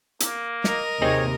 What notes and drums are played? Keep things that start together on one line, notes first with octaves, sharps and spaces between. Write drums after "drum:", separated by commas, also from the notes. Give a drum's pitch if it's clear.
A#3, drum: hi-hat
A#4 D#5, drum: snare
D#2 C3 D#3 C4 D#4 G#4 C#5